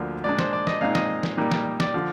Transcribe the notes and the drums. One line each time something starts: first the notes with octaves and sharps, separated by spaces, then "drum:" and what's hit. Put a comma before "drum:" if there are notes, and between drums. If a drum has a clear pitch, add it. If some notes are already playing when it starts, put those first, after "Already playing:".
Already playing: D2 D3 F3 A#3
A#2 G#3 D4 D5
C5, drum: snare
D5
D#5, drum: snare
A#2 G#3 C4 D#4 F5
D#5, drum: snare
drum: snare
A#2 G3 A#3 D#4
drum: snare
D5, drum: snare
D3 F3